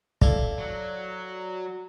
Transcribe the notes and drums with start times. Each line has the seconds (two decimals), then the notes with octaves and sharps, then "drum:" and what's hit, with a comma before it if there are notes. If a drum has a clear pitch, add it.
0.21 E4 A4 D5 F5, drum: kick
0.58 F#3